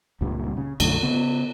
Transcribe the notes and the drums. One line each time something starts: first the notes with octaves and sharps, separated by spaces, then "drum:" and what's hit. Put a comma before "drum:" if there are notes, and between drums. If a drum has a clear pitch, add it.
C#2 G2 A#2 G3
C#3
B1 F#2 D3 A3, drum: cymbal
C#3 B3